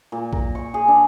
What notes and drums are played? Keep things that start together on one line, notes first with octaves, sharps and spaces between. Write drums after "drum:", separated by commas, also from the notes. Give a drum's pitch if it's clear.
A#2
A#4, drum: kick A#1
C#6
G#4
D4